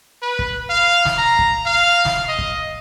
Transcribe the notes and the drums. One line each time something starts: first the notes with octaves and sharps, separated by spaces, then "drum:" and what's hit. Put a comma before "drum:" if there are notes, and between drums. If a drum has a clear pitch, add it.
B4
drum: kick
F5
drum: snare
A#5
drum: kick
F5
drum: snare
D#5
drum: kick